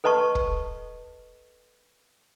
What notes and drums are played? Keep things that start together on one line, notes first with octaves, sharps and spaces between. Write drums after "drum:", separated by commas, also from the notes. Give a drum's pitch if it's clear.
A4 B4 D#5 A5 C#6
drum: kick